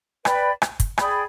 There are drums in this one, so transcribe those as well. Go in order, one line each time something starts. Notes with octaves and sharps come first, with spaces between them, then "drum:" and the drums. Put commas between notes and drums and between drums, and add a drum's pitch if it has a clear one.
B4 D5 G5 B5, drum: rim click
drum: rim click
drum: kick, hi-hat
G#4 D5 G5 B5, drum: rim click